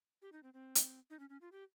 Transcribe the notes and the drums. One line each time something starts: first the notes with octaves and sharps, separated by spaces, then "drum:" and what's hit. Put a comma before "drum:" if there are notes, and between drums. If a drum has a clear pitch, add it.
G4
D#4
C4
C4
drum: hi-hat
D#4
C#4
C#4
F4
G4